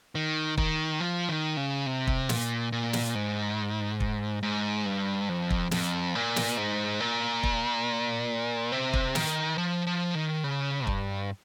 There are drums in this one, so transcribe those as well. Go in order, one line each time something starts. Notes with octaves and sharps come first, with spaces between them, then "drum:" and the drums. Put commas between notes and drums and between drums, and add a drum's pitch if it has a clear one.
D#3
D#3, drum: kick
F3
D#3
C#3
C3
drum: kick
A#2, drum: snare
A#2
drum: snare
G#2
drum: kick
G#2
G2
F2
drum: kick
F2, drum: snare
A#2
drum: snare
G#2
A#2
drum: kick
C3
drum: kick
D#3, drum: snare
F3
F3
D#3
C#3
G2, drum: kick